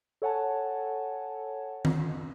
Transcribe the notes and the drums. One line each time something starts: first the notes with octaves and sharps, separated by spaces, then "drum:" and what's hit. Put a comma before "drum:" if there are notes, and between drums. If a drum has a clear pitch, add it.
A4 C#5 F#5 G#5 A5
drum: tom D#3